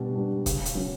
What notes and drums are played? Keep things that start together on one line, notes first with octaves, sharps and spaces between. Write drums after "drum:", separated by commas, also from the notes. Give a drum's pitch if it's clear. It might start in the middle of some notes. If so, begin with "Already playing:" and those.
Already playing: B2 G3 D4
G3 D4
C#3, drum: kick, hi-hat
drum: hi-hat
F#3 C#4